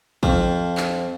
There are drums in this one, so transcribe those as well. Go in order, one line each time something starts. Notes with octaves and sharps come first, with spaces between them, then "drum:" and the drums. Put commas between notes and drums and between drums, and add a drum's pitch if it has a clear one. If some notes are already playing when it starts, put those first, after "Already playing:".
F2 F3, drum: kick
drum: clap